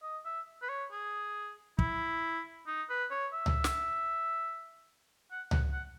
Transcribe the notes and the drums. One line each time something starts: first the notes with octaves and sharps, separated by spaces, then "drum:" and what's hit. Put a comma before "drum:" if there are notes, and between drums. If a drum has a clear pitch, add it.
D#5
E5
B4
C#5
G#4
E4, drum: kick
D#4
B4
C#5
E5
drum: tom C#2
drum: snare
F#5
F#5, drum: tom C#2
F#5